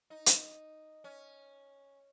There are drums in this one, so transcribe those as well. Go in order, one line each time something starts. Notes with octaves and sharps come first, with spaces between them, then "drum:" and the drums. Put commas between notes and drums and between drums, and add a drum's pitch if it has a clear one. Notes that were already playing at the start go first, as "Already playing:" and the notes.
D#4
drum: hi-hat
C#4